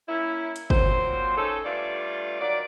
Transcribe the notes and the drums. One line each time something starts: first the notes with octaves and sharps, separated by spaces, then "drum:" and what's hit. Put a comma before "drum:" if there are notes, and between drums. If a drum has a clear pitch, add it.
A#3 C#4 E4
drum: hi-hat
A#2 F#3 C4 C5, drum: kick
C#4 D#4 A4
G2 A3 F4 D5
D#3 F#3 D5